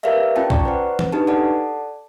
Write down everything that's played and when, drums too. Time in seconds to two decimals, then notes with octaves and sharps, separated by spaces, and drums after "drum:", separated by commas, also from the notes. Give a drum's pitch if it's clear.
0.03 G4 A#4 B4 D5 E5 F5
0.36 C#4 F4 G5 A5
0.50 D5 A#5 C#6, drum: kick B1
0.65 B4 C5 F#5
0.99 drum: tom
1.13 D4 D#4 G4 B4 A5
1.27 A4 D5 F#5 A5